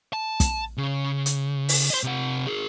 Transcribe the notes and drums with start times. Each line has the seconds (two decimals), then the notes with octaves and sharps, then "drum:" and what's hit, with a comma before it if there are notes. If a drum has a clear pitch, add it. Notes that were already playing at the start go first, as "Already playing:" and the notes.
0.13 A5
0.40 drum: kick, hi-hat
0.78 C#3
1.26 drum: hi-hat
1.69 drum: open hi-hat
1.90 C5 D#5
2.03 C3 F#5
2.47 G#4 A#4